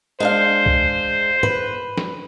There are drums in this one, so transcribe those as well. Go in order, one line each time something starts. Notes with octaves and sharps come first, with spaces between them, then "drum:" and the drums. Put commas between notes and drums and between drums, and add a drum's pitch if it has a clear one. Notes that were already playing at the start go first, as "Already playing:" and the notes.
G#3 D4 C5 F5
drum: kick C2
B4, drum: tom
drum: snare